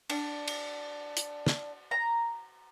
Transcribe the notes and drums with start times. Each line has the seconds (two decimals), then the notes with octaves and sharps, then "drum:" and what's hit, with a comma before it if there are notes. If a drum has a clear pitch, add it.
0.10 D4, drum: cymbal
0.48 drum: cymbal
1.17 drum: hi-hat
1.46 drum: snare
1.91 A#5